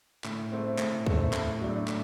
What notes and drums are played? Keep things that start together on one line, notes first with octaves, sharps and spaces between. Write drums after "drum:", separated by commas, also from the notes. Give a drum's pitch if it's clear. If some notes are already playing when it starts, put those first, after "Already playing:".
A2, drum: clap
A3 C4
A2, drum: clap
A3 C4, drum: kick D2
A2, drum: clap
F#3 A3 D4
A2, drum: clap